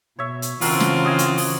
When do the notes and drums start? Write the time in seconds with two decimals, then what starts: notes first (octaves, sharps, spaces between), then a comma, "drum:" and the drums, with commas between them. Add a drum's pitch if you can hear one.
0.19 B2 C#5 E5
0.42 drum: hi-hat
0.61 C#3 E3 C4 F4 F#4 A4 A#4, drum: open hi-hat
0.80 drum: snare
1.04 F#4 D#5 G#5
1.19 drum: hi-hat
1.38 drum: open hi-hat